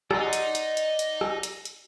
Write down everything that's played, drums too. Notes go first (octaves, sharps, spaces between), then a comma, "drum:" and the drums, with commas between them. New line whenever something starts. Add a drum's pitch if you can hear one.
D5 D#5 F#5 A#5 C6, drum: rim click
drum: hi-hat
drum: hi-hat
drum: hi-hat
drum: hi-hat
drum: rim click
drum: hi-hat
drum: hi-hat